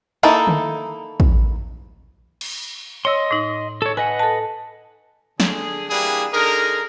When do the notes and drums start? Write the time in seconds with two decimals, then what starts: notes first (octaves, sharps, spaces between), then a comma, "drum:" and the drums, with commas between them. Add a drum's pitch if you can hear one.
0.23 A#3 D#4 E4 A4
0.47 drum: tom D3
1.20 drum: kick
2.41 drum: cymbal
3.05 C#5 D#5 C6 E6
3.31 A2 D#4
3.82 A4 C#5
3.97 B4 D#5 F#5 G#5
4.19 A4 A5
5.40 D3 G#4, drum: snare
5.90 E3 G3 A#3 D4 E4 G#4
6.33 D3 D#4 G#4 A#4